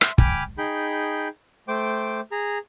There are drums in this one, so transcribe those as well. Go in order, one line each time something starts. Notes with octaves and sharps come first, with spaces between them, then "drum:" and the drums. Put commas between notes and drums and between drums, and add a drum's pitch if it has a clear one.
E5 C6, drum: rim click
G5 G#5 B5 D6 F6, drum: kick
D#4 G#4 G5 B5 G6
A3 C5 G5 D6
G#4 A#5